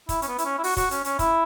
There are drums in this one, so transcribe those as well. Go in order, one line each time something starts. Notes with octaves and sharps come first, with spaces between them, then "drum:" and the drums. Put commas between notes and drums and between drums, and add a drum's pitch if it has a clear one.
E4, drum: kick, hi-hat
C#4, drum: hi-hat
B3
E4, drum: hi-hat
C#4
E4
F#4, drum: open hi-hat
F#4, drum: kick, hi-hat
C#4, drum: hi-hat
C#4, drum: hi-hat
E4, drum: kick, hi-hat